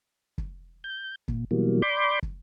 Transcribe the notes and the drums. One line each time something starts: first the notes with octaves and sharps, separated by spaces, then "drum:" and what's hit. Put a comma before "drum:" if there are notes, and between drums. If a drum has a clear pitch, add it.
drum: kick
G6
A#2, drum: kick
B2 E3 F#3 G3 A#3
D5 B5 C6 D6 G6
drum: kick